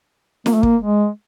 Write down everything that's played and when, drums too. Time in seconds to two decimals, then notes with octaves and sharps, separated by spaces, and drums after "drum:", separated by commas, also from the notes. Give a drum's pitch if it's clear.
0.46 A#3, drum: snare
0.54 A3
0.63 A#3, drum: kick
0.82 G#3